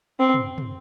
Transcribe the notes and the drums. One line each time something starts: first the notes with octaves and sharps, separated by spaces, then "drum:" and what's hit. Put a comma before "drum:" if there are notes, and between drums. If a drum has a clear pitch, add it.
C4
drum: tom
drum: tom